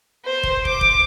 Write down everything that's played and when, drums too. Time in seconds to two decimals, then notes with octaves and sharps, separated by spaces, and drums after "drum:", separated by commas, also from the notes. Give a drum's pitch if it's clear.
0.25 C5 C6
0.43 drum: kick
0.65 D6, drum: kick
0.81 drum: kick